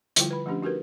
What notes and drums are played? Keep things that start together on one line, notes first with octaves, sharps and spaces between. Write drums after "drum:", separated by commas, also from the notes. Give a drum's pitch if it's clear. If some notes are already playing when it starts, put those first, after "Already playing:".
D3 F3 G3 E4 F4 G5, drum: hi-hat
B4 B5
F3 A3 C#4 D4 G4
D#4 F#4 G4 A#4 B4